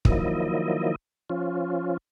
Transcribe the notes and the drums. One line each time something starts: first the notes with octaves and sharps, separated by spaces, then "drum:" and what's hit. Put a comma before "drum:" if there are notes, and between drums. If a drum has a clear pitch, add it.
D#3 F3 F#3 A#3 E4 D#5, drum: kick
F3 C#4 F4